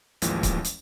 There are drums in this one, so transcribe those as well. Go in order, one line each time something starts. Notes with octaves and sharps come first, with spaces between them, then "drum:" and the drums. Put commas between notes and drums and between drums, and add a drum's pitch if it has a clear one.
A1 D#2 E3 F3 G#3, drum: hi-hat
drum: kick C#1, hi-hat
drum: hi-hat